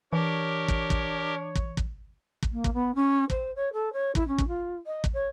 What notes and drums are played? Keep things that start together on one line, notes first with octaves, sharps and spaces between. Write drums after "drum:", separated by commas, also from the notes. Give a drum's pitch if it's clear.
E3 D4 G4 A#4 C#5
drum: kick
drum: kick
drum: kick
drum: kick
drum: kick
A#3
drum: kick
B3
C#4
C5, drum: kick
C#5
A4
C#5
E4, drum: kick
C#4
drum: kick
F4
D#5
drum: kick
C#5